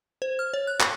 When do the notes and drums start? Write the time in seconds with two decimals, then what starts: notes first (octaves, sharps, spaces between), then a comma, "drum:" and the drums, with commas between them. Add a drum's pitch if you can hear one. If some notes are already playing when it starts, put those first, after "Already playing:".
0.22 C5
0.39 F6
0.54 C#5
0.67 F#6
0.80 C#6, drum: clap